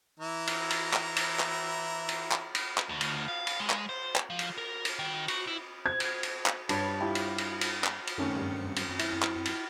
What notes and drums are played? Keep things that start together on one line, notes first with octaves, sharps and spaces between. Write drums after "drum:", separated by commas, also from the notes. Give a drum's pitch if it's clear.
E3 E4 A#5
drum: cymbal
drum: cymbal
drum: clap
drum: cymbal
drum: clap
drum: cymbal
drum: clap
drum: cymbal
drum: clap
D2
drum: cymbal
F5
drum: cymbal
G#3
drum: clap
C5
drum: clap
F3
drum: cymbal
A#4
drum: cymbal
D#3
F#4, drum: cymbal
E4
C5 G#6
drum: cymbal
drum: cymbal
drum: clap
G2 G3 C#5 A5 B5 A6, drum: cymbal
E4 F4 G4 B5
drum: cymbal
drum: cymbal
drum: cymbal
drum: clap
drum: cymbal
F#2 D#3 A3 C4 C#4 C#7
G2
drum: cymbal
E4, drum: cymbal
drum: clap
drum: cymbal